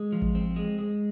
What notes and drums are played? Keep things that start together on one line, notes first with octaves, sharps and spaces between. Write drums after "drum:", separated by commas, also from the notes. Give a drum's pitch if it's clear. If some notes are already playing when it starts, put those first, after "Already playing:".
Already playing: G#3
F3
drum: kick G#1
C4
G#3
G#3